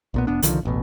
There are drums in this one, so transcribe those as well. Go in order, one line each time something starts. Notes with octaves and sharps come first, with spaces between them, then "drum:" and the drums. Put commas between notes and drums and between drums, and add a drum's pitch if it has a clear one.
B1 A#2 B3
F1 B3 D4
C2 D3 D#3 F3, drum: hi-hat
E1 A1 B2